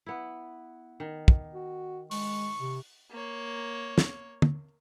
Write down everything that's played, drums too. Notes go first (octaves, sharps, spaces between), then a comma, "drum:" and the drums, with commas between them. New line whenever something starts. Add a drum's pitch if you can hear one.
B3 E4
D#3
drum: kick
F#4
G#3 C#6, drum: open hi-hat
C3
A#3 C#5
drum: snare
drum: tom